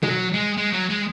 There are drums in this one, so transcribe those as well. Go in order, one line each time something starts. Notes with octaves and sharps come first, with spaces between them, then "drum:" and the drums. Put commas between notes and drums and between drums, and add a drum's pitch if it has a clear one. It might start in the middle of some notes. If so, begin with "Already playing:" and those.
G#3, drum: tom B2
F#3
G#3
G#3
F#3
G#3